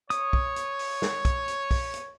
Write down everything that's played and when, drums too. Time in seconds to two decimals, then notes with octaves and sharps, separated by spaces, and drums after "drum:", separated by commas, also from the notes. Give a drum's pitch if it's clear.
0.10 C#5 D#6, drum: hi-hat
0.33 drum: kick
0.56 drum: hi-hat
0.79 drum: open hi-hat
1.02 drum: snare
1.25 drum: kick, hi-hat
1.48 drum: hi-hat
1.71 drum: kick, open hi-hat
1.94 drum: hi-hat